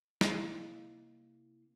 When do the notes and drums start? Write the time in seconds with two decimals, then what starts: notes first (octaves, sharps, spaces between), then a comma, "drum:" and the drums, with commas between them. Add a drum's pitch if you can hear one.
0.21 C3 A#3 E4 D#5 F5 C6, drum: snare